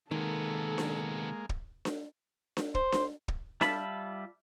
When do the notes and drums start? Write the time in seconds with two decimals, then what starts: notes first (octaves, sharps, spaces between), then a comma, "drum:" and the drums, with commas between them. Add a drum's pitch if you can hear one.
0.11 C3 D#3 G#3 A#3 B3 A4
0.78 drum: snare D4
1.49 drum: kick
1.85 drum: snare D4
2.57 drum: snare D4
2.74 C5, drum: kick
2.92 drum: snare D4
3.28 drum: kick
3.61 G3 F4 E5 A5 B5, drum: snare D4